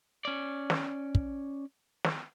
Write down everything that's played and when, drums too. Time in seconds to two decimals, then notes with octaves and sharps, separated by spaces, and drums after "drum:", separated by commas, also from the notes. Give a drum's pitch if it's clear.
0.25 C#4 D5
0.70 drum: snare
1.15 drum: kick
2.04 drum: snare